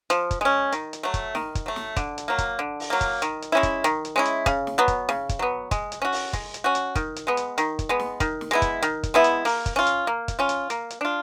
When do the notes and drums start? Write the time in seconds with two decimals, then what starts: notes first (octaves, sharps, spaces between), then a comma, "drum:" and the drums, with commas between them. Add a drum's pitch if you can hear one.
0.10 F3, drum: hi-hat
0.31 drum: kick, hi-hat
0.41 G#3 C#4
0.72 D#3, drum: hi-hat
0.93 drum: hi-hat
1.03 F#3 A3
1.14 drum: kick, hi-hat
1.35 D#3, drum: snare
1.55 drum: kick, hi-hat
1.66 F#3 A3
1.76 drum: snare
1.96 D3, drum: kick, hi-hat
2.18 drum: hi-hat
2.28 F#3 A#3
2.38 drum: kick, hi-hat
2.59 D3
2.80 drum: open hi-hat
2.90 F#3 A#3
3.01 drum: kick, hi-hat
3.22 D#3, drum: hi-hat
3.42 drum: hi-hat
3.52 G#3 C#4 E4
3.63 drum: kick, hi-hat
3.84 D#3, drum: hi-hat
4.05 drum: hi-hat
4.16 G#3 C#4 E4
4.25 drum: hi-hat
4.46 C#3, drum: kick, hi-hat
4.67 drum: snare
4.78 F#3 B3
4.88 drum: kick, hi-hat
5.09 C#3, drum: snare
5.29 drum: kick, hi-hat
5.39 F#3 B3
5.71 G#3, drum: kick, hi-hat
5.92 drum: hi-hat
6.02 C#4 F#4
6.12 drum: open hi-hat
6.33 G#3, drum: kick, hi-hat
6.54 drum: hi-hat
6.64 C#4 F#4
6.75 drum: hi-hat
6.95 D#3, drum: kick, hi-hat
7.16 drum: hi-hat
7.27 G#3 B3
7.37 drum: hi-hat
7.58 D#3, drum: hi-hat
7.79 drum: kick, hi-hat
7.89 G#3 B3
8.00 drum: snare
8.20 D#3, drum: kick, hi-hat
8.41 drum: snare
8.51 G#3 B3 E4
8.62 drum: kick, hi-hat
8.83 D#3, drum: hi-hat
9.03 drum: kick, hi-hat
9.14 G#3 B3 E4
9.24 drum: hi-hat
9.45 A#3, drum: open hi-hat
9.66 drum: kick, hi-hat
9.76 C#4 F4
9.87 drum: hi-hat
10.07 A#3
10.28 drum: kick, hi-hat
10.39 C#4 F4
10.49 drum: hi-hat
10.70 A#3, drum: hi-hat
10.90 drum: hi-hat
11.01 D4 F4